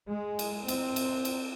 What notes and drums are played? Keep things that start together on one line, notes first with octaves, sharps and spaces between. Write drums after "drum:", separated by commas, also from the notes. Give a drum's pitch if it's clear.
G#3
drum: cymbal
C4, drum: cymbal
drum: cymbal
drum: cymbal